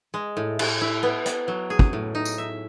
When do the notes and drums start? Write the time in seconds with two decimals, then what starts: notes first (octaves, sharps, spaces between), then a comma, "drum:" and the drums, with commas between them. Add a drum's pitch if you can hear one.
0.14 G#3
0.37 A2
0.59 A2, drum: cymbal
0.81 E4
1.03 B3
1.26 B3, drum: hi-hat
1.48 F#3
1.70 G#4
1.79 drum: kick
1.93 A2
2.15 D#4
2.25 drum: tambourine
2.38 E5